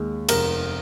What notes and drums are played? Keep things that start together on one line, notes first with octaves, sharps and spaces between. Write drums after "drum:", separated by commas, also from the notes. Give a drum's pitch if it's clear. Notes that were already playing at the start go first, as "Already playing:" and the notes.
Already playing: D#2 G#3
F1 A#4, drum: cymbal